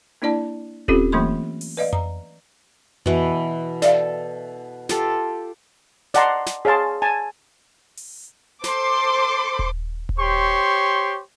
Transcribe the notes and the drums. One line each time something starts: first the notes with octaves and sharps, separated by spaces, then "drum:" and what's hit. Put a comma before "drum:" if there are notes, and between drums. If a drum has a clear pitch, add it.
A#3 D4 E4 D5 A5
C4 C#4 F4 G4 A4 C5, drum: kick D#1
E3 F#3 A3 A#3 B5 C6
drum: open hi-hat
B4 D5 D#5 F5
A#5, drum: tom F2
B2 E3, drum: tom F2
A4 D5 E5 F5, drum: snare
F4 G4 A4, drum: snare
D5 D#5 F#5 A5 A#5 C6, drum: snare
drum: snare
G#4 C#5 F5 A5 C6
G#5 A5
drum: open hi-hat
A4 C5 C6 D6, drum: snare
drum: kick D#1
drum: kick D#1
G4 C5 C#5 C6 C#6